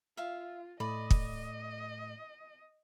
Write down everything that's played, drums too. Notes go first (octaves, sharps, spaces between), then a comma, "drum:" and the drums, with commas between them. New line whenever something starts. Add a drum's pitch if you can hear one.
F4 E5 F5
A2 A3 D5 D#5 B5
drum: kick